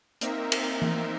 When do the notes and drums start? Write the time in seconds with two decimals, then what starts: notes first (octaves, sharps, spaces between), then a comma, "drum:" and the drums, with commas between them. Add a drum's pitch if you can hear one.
0.21 A#3 C4 D#4 A#4 E5, drum: hi-hat
0.52 drum: cymbal
0.82 drum: tom E3